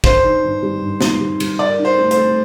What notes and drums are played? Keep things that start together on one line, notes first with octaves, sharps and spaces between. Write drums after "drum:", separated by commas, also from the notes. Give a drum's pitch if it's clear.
D4 C5, drum: kick
D#3
G2
G3
G2
D#3, drum: snare
G3
G3, drum: cymbal
A#4 D5
D#4
C5
A3
C5, drum: hi-hat
A3